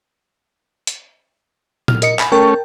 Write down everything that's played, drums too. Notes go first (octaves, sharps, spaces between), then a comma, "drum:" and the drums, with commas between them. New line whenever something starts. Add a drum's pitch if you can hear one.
drum: hi-hat
F6, drum: tom A#2
A#4 D#5 C#7, drum: hi-hat
G#5 B5, drum: clap
A3 C#4 A#4 G5 A5